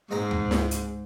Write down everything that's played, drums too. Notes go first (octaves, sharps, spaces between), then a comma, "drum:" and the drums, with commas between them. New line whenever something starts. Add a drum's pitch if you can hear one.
G#2 G#3 C4 A#5
drum: tom D2
drum: snare
drum: hi-hat